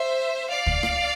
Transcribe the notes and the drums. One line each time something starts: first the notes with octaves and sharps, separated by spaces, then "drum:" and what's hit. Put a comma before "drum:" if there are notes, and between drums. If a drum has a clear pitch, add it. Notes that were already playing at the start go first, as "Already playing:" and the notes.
Already playing: C5 E5
D5 F5
drum: kick
drum: rim click